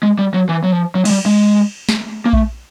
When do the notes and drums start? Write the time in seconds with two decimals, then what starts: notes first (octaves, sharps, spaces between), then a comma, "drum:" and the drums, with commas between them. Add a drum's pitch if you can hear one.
0.03 G#3
0.19 G3
0.34 F#3
0.49 E3
0.64 F#3
0.72 F3
0.95 F#3
1.05 G#3, drum: cymbal
1.10 G3
1.26 G#3
1.89 drum: snare
2.26 A#3
2.33 A3, drum: kick A#1